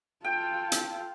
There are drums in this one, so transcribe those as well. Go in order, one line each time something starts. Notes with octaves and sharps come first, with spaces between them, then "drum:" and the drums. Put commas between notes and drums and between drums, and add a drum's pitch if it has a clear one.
F4 A4 G5
drum: hi-hat